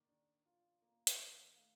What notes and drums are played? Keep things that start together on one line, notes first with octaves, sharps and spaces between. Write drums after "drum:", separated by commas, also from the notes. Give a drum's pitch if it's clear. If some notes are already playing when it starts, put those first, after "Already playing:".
Already playing: D#3 A#3 D5
D4
F4
A#3
drum: hi-hat
D#3
A3 F5